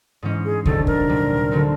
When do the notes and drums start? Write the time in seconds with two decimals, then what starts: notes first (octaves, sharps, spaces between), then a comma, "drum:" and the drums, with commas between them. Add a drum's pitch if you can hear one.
0.22 G#2 E3 G#3 C#4
0.45 G#4
0.65 D2 C3 D#3 F#3 A4, drum: kick
0.87 A#4, drum: kick
1.09 A#2 G3 C4
1.51 D3 F#3 A3 C4